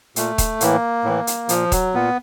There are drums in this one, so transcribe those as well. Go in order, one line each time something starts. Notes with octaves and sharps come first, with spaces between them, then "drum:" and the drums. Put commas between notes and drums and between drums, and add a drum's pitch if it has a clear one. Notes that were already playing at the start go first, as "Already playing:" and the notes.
A#2 A3, drum: hi-hat
drum: kick D#1, hi-hat
A2 E3 A#3, drum: hi-hat
A2 E3
drum: hi-hat
A#2 F3, drum: hi-hat
F#3, drum: kick D#1, hi-hat
A#2 B3